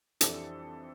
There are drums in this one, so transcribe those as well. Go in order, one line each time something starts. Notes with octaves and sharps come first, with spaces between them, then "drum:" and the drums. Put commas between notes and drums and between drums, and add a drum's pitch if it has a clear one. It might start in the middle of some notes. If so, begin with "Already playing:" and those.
F2 E3 G3 D4 A4, drum: hi-hat